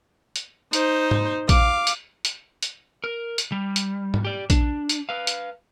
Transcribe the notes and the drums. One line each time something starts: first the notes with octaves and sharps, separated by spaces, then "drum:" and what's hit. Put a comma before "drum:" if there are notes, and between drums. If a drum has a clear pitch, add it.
drum: hi-hat
D#4 C5, drum: hi-hat
drum: tom G#2
F5 D6, drum: kick A#1, hi-hat
drum: hi-hat
drum: hi-hat
drum: hi-hat
A#4
drum: hi-hat
G3
drum: hi-hat
drum: tom G#2
G4 D5
D4, drum: kick A#1, hi-hat
drum: hi-hat
B4 F5
drum: hi-hat